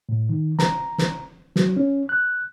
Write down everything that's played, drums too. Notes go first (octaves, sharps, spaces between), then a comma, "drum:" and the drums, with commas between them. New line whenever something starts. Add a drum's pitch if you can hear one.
A2
D#3
A#5, drum: snare
drum: snare
F#3, drum: snare
C#4
F#6